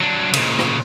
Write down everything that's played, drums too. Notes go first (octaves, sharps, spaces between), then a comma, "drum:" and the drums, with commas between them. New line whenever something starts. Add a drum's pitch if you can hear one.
F#3 D4
A#2 C#3, drum: cymbal
drum: rim click